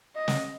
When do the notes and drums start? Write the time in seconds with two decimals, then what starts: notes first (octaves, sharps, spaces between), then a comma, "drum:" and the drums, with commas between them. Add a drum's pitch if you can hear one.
0.16 D#5
0.28 drum: snare